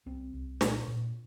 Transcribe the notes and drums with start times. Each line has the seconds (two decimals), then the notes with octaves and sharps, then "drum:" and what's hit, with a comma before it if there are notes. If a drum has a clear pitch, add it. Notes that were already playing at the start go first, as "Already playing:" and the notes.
0.06 C2 C4
0.34 C2
0.61 A#2, drum: snare
0.88 A#2